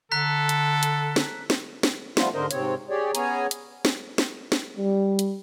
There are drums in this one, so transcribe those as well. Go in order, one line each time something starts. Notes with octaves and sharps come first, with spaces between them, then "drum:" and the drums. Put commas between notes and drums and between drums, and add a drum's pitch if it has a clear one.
D3 A4 A#5 F#6 B6
drum: hi-hat
drum: hi-hat
drum: snare
drum: snare
drum: snare
F3 G3 A3 B3 F4, drum: snare
G#2 D3 D4 A#4 C5 D#5
G#2 C3 C4 C#5, drum: hi-hat
G4 G#4 C#5 D5
B3 C#4 G#4 C#5 G#5 A#5, drum: hi-hat
drum: hi-hat
drum: snare
drum: snare
drum: snare
G3
drum: hi-hat